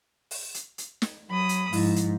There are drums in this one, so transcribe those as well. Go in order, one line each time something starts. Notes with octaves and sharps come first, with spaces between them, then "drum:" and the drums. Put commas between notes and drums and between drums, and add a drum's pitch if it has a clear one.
drum: open hi-hat
drum: hi-hat
drum: hi-hat
drum: snare
F#3 B5 D#6
drum: hi-hat
G#2 F3 E4, drum: open hi-hat
drum: hi-hat